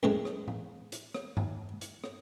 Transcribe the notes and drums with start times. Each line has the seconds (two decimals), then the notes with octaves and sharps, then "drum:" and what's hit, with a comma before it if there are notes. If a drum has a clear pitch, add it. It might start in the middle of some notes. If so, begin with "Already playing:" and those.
0.03 F#2 A2 E3 G#3
0.25 drum: rim click
0.48 drum: tom A2
0.92 drum: hi-hat
1.14 drum: rim click
1.37 drum: tom G2
1.81 drum: hi-hat
2.04 drum: rim click